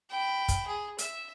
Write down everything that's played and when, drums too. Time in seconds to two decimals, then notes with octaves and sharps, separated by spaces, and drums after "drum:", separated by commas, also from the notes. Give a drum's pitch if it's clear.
0.10 G5 B5
0.48 drum: kick, hi-hat
0.67 G#4
0.99 E5, drum: hi-hat